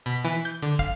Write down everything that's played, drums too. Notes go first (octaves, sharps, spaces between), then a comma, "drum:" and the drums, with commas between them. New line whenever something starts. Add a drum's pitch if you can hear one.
B2
E3
G6
D3
F5, drum: kick